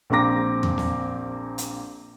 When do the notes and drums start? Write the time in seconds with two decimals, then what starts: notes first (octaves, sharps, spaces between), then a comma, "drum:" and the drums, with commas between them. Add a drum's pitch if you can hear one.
0.10 A#1 A#3 C4 A#5 D6 A#6
0.63 drum: tom E2
0.78 drum: snare
1.58 drum: hi-hat